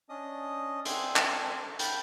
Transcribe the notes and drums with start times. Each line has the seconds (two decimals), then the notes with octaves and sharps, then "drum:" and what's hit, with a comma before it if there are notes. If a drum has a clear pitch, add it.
0.09 C#4 D4 D#5 D#6
0.85 C4 D4 A4 E5 G#5 C6, drum: hi-hat
1.16 drum: clap
1.79 F5 G5 A5 B5, drum: hi-hat